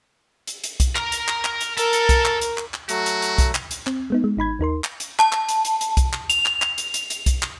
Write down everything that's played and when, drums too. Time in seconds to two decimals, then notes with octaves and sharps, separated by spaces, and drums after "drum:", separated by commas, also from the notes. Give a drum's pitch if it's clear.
0.47 drum: hi-hat
0.64 drum: hi-hat
0.80 drum: kick B1, hi-hat
0.96 A#4 A#5, drum: clap
1.12 drum: hi-hat
1.28 drum: clap
1.44 drum: clap
1.61 drum: hi-hat
1.78 A4 A#4, drum: hi-hat
1.93 drum: hi-hat
2.09 drum: kick B1, hi-hat
2.25 drum: clap
2.41 drum: hi-hat
2.58 drum: clap
2.74 drum: clap
2.89 F#3 A3 F#4, drum: hi-hat
3.06 drum: hi-hat
3.22 drum: hi-hat
3.38 drum: kick B1, hi-hat
3.55 drum: clap
3.71 drum: hi-hat
3.87 C4, drum: clap
4.10 G#3 B3 D#4
4.24 G#3
4.37 G#1 D#4 B5 G#6
4.59 D#2 D#4 A#4 C6
4.84 drum: clap
5.00 drum: hi-hat
5.19 A5, drum: clap
5.32 drum: clap
5.49 drum: hi-hat
5.65 drum: hi-hat
5.81 drum: hi-hat
5.97 drum: kick B1, hi-hat
6.13 drum: clap
6.30 F7, drum: hi-hat
6.46 drum: clap
6.62 drum: clap
6.78 drum: hi-hat
6.94 drum: hi-hat
7.10 drum: hi-hat
7.26 drum: kick B1, hi-hat
7.43 drum: clap